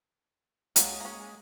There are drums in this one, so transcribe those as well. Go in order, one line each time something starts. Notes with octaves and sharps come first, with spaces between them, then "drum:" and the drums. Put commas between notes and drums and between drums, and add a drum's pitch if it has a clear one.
F#3 G#3 C#4 F4, drum: hi-hat
A#3 C#4